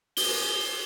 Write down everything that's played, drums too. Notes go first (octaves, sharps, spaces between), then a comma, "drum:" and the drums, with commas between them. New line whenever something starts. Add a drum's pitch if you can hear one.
G7, drum: open hi-hat